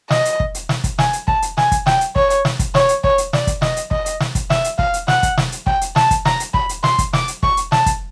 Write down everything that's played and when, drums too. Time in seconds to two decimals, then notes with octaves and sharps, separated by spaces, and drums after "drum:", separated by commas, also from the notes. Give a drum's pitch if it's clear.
0.10 D#5, drum: snare
0.25 drum: hi-hat
0.40 drum: kick
0.55 drum: hi-hat
0.69 drum: snare
0.84 drum: kick, hi-hat
0.99 G#5, drum: snare
1.13 drum: hi-hat
1.28 A5, drum: kick
1.42 drum: hi-hat
1.58 G#5, drum: snare
1.72 drum: kick, hi-hat
1.87 G5, drum: snare
2.01 drum: hi-hat
2.16 C#5, drum: kick
2.30 drum: hi-hat
2.45 drum: snare
2.59 drum: kick, hi-hat
2.75 C#5, drum: snare
2.89 drum: hi-hat
3.04 C#5, drum: kick
3.18 drum: hi-hat
3.33 D5, drum: snare
3.47 drum: kick, hi-hat
3.62 D#5, drum: snare
3.77 drum: hi-hat
3.91 D#5, drum: kick
4.06 drum: hi-hat
4.20 drum: snare
4.35 drum: kick, hi-hat
4.50 E5, drum: snare
4.64 drum: hi-hat
4.79 F5, drum: kick
4.94 drum: hi-hat
5.08 F#5, drum: snare
5.23 drum: kick, hi-hat
5.38 drum: snare
5.52 drum: hi-hat
5.67 G5, drum: kick
5.81 drum: hi-hat
5.96 A5, drum: snare
6.11 drum: kick, hi-hat
6.25 A#5, drum: snare
6.40 drum: hi-hat
6.54 B5, drum: kick
6.69 drum: hi-hat
6.84 C6, drum: snare
6.99 drum: kick, hi-hat
7.13 D6, drum: snare
7.28 drum: hi-hat
7.43 C#6, drum: kick
7.57 drum: hi-hat
7.72 A5, drum: snare
7.86 drum: kick, hi-hat